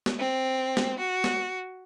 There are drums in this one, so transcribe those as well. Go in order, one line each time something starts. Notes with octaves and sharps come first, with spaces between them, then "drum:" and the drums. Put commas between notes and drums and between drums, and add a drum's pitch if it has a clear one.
drum: snare
C4
drum: snare
F#4
drum: snare